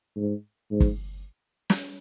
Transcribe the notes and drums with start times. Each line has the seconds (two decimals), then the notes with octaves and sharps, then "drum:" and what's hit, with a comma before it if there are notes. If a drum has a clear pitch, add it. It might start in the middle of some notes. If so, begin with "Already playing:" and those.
0.16 G#2
0.71 G#2
0.80 drum: kick
1.70 drum: snare